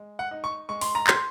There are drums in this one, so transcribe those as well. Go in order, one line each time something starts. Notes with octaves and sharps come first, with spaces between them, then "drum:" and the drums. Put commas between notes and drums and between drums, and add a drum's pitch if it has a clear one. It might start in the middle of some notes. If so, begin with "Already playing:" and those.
Already playing: G#3
F#5
D#4
C#6
G#3 C#6
C6, drum: open hi-hat
A#5
C6, drum: clap